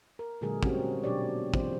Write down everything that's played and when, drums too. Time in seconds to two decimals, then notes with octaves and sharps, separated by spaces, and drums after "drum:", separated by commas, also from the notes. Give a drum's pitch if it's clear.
0.19 A#4
0.41 A#2 D3 F#3 G#3 G#4 A#4
0.63 G3 C4 C#4 F#4 G4, drum: kick
1.03 B2 F#3 D4 G4 C#5 D5
1.54 E3 C4 F4 C5, drum: kick